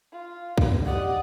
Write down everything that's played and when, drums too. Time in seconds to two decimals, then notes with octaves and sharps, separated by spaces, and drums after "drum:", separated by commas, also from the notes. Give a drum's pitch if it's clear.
0.12 F4
0.58 drum: kick
0.85 G4 D5 D#5 F#5